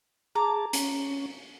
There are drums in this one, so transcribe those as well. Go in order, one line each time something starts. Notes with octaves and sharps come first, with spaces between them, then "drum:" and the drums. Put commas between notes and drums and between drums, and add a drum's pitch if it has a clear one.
G#4 A5 A#5 D6
C#4, drum: hi-hat